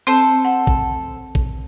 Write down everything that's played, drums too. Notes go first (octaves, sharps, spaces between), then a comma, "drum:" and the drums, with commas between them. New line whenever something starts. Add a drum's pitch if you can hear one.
C4 A4 C5
F#5
drum: kick
drum: kick